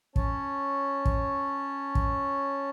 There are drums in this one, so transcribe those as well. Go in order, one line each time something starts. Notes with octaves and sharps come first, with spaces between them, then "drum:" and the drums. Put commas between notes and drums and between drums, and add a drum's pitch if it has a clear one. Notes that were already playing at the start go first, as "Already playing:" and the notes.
C#4 C#5 A5, drum: kick
drum: kick
drum: kick